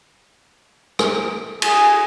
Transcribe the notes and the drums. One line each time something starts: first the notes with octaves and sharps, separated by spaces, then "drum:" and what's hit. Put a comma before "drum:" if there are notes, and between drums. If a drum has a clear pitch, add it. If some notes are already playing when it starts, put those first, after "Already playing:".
drum: rim click
G#4, drum: cymbal